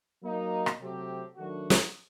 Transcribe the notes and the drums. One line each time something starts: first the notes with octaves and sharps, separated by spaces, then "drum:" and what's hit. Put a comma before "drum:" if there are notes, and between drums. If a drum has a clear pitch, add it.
F#3 A#3 D#4
drum: rim click
C3 F#3 A3 C4 G4
D#3 F#3 A3 D4 F#4
drum: snare